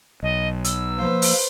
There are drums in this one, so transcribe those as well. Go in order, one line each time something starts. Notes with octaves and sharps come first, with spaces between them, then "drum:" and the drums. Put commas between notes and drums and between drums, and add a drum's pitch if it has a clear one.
B1 D#5
E6, drum: hi-hat
F3 A#3 B4 C5
drum: open hi-hat